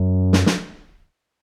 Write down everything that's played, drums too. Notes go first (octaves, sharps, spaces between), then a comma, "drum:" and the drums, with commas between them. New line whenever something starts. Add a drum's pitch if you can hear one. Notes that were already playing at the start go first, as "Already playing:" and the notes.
Already playing: F#2
drum: snare
drum: snare